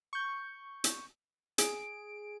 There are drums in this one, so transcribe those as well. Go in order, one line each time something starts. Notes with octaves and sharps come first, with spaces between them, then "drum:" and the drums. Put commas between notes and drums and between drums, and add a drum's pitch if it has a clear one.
C#6 G6
drum: hi-hat
G#4 D7, drum: hi-hat